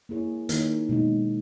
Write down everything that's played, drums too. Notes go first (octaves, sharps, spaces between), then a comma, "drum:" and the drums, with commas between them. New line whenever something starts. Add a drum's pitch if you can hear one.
A#3 E4 G#4 C#5
D#3 A#3 D#4 A#4 C#5, drum: hi-hat
B2 G#3 D#4